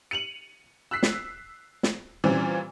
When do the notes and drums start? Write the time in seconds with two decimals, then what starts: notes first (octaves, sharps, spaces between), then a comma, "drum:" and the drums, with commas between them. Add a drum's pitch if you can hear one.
0.11 C#7 D#7 F7 F#7
0.91 E6 F#6 B6 C7
1.03 drum: snare
1.83 drum: snare
2.24 A#2 E3 G3 C4 C#4 F4